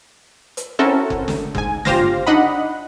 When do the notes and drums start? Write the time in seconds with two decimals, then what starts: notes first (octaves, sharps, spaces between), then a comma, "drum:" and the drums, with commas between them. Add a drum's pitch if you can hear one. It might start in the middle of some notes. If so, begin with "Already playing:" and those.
0.57 drum: hi-hat
0.79 C4 C#4 E4 F#4 A4 A#4
1.10 drum: kick F#1
1.28 drum: snare
1.55 G#2 G#5, drum: kick F#1
1.85 G1 F4 G4 C5 F5 A#6, drum: snare
2.27 D4 D#4 D#5 F#5 B5